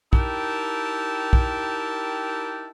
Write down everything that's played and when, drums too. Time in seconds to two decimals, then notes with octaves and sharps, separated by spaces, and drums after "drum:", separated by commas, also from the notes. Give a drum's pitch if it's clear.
0.13 D#4 E4 G4 A#4 G5 A5, drum: kick
1.33 drum: kick